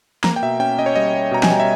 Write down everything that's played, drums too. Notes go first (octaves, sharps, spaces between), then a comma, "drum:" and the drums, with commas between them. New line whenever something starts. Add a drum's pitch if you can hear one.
A#3 A#5, drum: snare
G5
B2 E5
C#4 G5
C#4 D#5
C#5
G3 D#5
G3
B2 A#5
G#5, drum: snare
G3 G5
E5